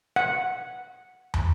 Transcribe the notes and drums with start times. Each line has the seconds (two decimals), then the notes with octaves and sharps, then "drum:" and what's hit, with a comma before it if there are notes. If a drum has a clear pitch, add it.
0.16 F#5
1.34 drum: tom